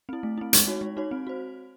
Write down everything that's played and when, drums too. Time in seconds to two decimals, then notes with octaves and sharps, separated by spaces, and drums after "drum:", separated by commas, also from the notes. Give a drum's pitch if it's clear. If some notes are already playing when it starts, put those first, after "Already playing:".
0.09 C4 E4
0.23 A3
0.38 C4 E4
0.53 G#3, drum: hi-hat
0.67 D#4 F#4 C#5
0.81 G#3
0.97 D#4 F#4 C#5
1.11 C4
1.27 F#4 C5